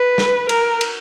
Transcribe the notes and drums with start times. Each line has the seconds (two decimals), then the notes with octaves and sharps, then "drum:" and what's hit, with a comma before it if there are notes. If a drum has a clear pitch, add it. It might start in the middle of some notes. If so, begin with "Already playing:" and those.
Already playing: B4
0.18 drum: snare
0.49 A#4, drum: cymbal
0.81 drum: cymbal